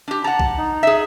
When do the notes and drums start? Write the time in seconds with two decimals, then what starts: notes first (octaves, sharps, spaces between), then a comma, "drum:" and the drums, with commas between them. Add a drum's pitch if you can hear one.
0.08 D4 G4
0.24 F#5 A5 A#5
0.39 drum: kick B1
0.58 D#4
0.83 G#4 E5